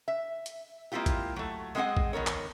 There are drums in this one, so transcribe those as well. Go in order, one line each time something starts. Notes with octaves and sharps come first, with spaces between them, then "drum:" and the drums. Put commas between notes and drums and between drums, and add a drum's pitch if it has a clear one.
E5
drum: hi-hat
G#3 A#3 C4 E4 F4 G4
drum: kick, hi-hat
F#3 A3
G#3 B3 C4 G#4 D#5 F#5
drum: kick
D#3 B3 A#4 C#5
drum: clap